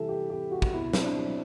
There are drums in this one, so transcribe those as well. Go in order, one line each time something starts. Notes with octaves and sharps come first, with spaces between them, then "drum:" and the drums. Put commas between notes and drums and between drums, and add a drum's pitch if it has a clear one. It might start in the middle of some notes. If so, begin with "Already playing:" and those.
Already playing: C3 E3 G3 A4 E5
G4
C3 G4
F#4
drum: kick
B2 E4
C4, drum: snare
D4
F#3